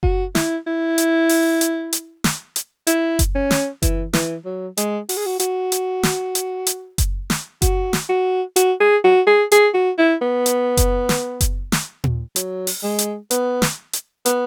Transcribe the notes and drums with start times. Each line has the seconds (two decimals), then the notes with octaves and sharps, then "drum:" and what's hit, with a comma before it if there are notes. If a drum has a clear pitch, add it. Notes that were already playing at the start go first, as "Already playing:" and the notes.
0.03 F#4, drum: kick F#1
0.35 E4, drum: snare
0.67 E4
0.98 drum: hi-hat
1.29 drum: open hi-hat
1.61 drum: hi-hat
1.93 drum: hi-hat
2.24 drum: snare
2.56 drum: hi-hat
2.87 E4, drum: hi-hat
3.19 drum: kick F#1, hi-hat
3.35 C#4
3.51 drum: snare
3.82 E3, drum: kick F#1, hi-hat
4.13 E3, drum: snare
4.46 F#3
4.77 G#3, drum: hi-hat
5.09 F#4, drum: open hi-hat
5.17 G#4
5.26 F#4
5.40 F#4, drum: hi-hat
5.72 drum: hi-hat
6.03 drum: snare
6.35 drum: hi-hat
6.67 drum: hi-hat
6.98 drum: kick F#1, hi-hat
7.30 drum: snare
7.62 F#4, drum: kick F#1, hi-hat
7.93 drum: snare
8.09 F#4
8.56 F#4, drum: hi-hat
8.80 G#4
9.04 F#4
9.27 G#4
9.52 G#4, drum: hi-hat
9.74 F#4
9.98 E4
10.22 B3
10.46 drum: hi-hat
10.77 drum: kick F#1, hi-hat
11.09 drum: snare
11.41 drum: kick F#1, hi-hat
11.72 drum: snare
12.04 drum: tom A#2
12.36 F#3, drum: hi-hat
12.67 drum: open hi-hat
12.83 G#3
12.99 drum: hi-hat
13.31 B3, drum: hi-hat
13.62 drum: snare
13.93 drum: hi-hat
14.26 B3, drum: hi-hat